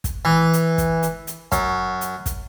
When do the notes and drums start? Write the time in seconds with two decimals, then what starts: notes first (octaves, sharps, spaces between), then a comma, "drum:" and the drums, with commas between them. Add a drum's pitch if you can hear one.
0.04 drum: kick, hi-hat
0.25 E3
0.53 drum: hi-hat
0.78 drum: kick, hi-hat
1.03 drum: hi-hat
1.27 drum: hi-hat
1.52 F#2, drum: kick, hi-hat
2.01 drum: hi-hat
2.26 drum: kick, hi-hat